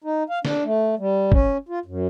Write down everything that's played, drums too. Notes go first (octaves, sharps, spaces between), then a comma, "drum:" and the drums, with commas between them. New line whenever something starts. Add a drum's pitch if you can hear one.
D#4
F5
D4, drum: snare
A3
G3
C#4, drum: kick
F4
F#2